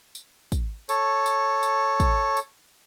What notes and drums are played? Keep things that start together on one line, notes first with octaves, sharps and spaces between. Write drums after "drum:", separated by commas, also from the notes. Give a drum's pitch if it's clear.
drum: tambourine
drum: kick, tambourine
A4 C#5, drum: tambourine
drum: tambourine
drum: tambourine
drum: kick, tambourine
drum: tambourine